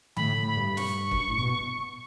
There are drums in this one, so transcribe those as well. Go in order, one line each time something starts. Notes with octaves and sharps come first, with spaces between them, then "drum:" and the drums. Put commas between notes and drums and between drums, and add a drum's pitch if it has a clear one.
A2 B5, drum: tom D3
A2
B5
G2
C#6, drum: snare
F#2, drum: kick
G2
A2
B2